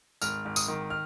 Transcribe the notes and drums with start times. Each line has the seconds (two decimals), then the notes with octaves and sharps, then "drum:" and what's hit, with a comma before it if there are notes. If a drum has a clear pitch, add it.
0.22 G#1 F6, drum: tambourine
0.45 G#1
0.56 D#6, drum: tambourine
0.68 D#3
0.90 F6